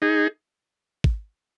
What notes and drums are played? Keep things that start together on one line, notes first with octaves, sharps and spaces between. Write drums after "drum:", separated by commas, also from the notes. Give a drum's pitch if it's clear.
D#4 G#4
drum: kick